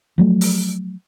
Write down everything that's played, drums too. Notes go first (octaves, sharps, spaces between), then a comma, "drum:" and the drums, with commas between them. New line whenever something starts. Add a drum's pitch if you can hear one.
F3 F#3 A3
drum: open hi-hat